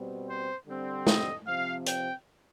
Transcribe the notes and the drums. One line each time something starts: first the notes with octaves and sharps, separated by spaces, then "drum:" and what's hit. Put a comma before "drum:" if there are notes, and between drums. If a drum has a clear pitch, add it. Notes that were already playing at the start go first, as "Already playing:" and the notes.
Already playing: B2 G3 C4
C5
D3 G3 C4
D#5, drum: snare
C3 F3 C4 F5
G5, drum: hi-hat